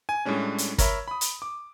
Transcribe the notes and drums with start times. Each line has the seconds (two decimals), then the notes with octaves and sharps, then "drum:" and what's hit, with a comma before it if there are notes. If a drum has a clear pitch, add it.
0.09 G#5
0.25 A2 G3 G#3 C#4 D4
0.58 drum: hi-hat
0.78 A#4 C#5 E5 B5, drum: kick, hi-hat
1.08 B5 D#6
1.21 drum: hi-hat
1.42 D6